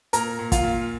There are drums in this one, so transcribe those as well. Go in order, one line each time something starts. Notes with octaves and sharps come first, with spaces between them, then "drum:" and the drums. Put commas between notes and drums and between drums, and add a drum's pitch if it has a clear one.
A#2 A#4 A#5, drum: hi-hat
A#2
F4 F5, drum: kick, hi-hat
A#2